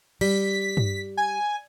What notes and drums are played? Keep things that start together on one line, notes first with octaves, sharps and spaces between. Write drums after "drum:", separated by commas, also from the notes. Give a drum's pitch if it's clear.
G3 B6, drum: cymbal
drum: tom G2
G#5